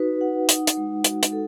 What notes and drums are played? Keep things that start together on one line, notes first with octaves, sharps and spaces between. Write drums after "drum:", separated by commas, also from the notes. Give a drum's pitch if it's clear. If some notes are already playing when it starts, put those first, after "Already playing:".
Already playing: D#4 F#4 B4
F#5
D#4, drum: hi-hat
drum: hi-hat
G#3
F#4, drum: hi-hat
drum: hi-hat
A4